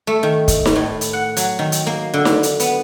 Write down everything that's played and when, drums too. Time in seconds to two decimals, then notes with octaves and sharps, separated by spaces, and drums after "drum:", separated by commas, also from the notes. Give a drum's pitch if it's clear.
0.07 A3
0.23 D#3
0.48 drum: kick, hi-hat
0.66 drum: snare D#4
0.75 A2
1.01 drum: hi-hat
1.13 F#5
1.37 F#3, drum: hi-hat
1.59 D#3
1.72 drum: hi-hat
1.87 A#3
2.14 D3
2.25 drum: snare D#4
2.43 drum: hi-hat
2.60 B3, drum: hi-hat